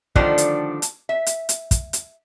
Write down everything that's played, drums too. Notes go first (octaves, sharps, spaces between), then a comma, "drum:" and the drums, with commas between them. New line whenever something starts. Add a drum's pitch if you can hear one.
D3 D#3 F3 G3 A3 D4, drum: kick
drum: hi-hat
drum: hi-hat
E5
drum: hi-hat
drum: hi-hat
drum: kick, hi-hat
drum: hi-hat